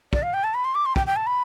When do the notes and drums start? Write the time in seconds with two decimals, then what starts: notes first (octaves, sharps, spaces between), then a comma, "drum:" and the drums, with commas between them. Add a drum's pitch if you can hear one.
0.13 D5, drum: kick
0.23 F5
0.34 G5
0.44 A5
0.54 B5
0.65 C6
0.75 D6
0.86 C6
0.96 G5, drum: kick
1.07 G5
1.16 A5
1.27 B5